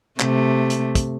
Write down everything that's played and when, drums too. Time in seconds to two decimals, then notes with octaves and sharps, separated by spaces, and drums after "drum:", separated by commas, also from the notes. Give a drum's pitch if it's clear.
0.20 C3 A3, drum: clap
0.70 drum: hi-hat
0.95 drum: kick, hi-hat